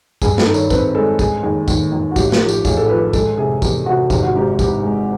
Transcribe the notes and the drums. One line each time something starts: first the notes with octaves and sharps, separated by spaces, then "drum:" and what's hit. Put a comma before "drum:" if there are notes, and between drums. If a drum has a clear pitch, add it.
G2 G#4, drum: kick, tambourine
A4, drum: snare
D#3
C#5, drum: tambourine
C4 B4, drum: kick, tambourine
G#3 A4
G#3 G#4, drum: kick, tambourine
D#2 G#4
D#2, drum: kick, tambourine
D#2
F#4
A1 G4, drum: kick, tambourine
G4, drum: snare
F3
G4, drum: tambourine
A1 G#4, drum: kick, tambourine
A4
F3 B4
G#3 A4, drum: kick, tambourine
C3 G#4
E2 G4, drum: kick, tambourine
C3 F#4
G#1 G4, drum: kick, tambourine
F#4
G#2 G4
E3 G4, drum: kick, tambourine
G#3